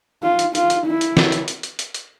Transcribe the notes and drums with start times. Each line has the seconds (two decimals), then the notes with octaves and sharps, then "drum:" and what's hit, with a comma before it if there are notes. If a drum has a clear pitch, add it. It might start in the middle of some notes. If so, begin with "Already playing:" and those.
0.23 F4
0.39 drum: hi-hat
0.55 F4, drum: hi-hat
0.70 drum: hi-hat
0.86 E4
1.01 drum: hi-hat
1.17 drum: snare
1.32 drum: hi-hat
1.48 drum: hi-hat
1.63 drum: hi-hat
1.79 drum: hi-hat
1.94 drum: hi-hat